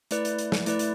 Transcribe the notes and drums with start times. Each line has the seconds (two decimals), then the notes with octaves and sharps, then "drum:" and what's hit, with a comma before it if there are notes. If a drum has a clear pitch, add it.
0.11 A3 E4 B4 D5, drum: hi-hat
0.25 drum: hi-hat
0.39 drum: hi-hat
0.52 drum: snare
0.66 A3 E4 B4 D5, drum: hi-hat
0.79 drum: hi-hat